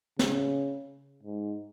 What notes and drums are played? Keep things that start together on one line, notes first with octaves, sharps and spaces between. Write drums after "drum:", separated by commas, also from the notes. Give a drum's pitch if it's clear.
C#3, drum: snare
G#2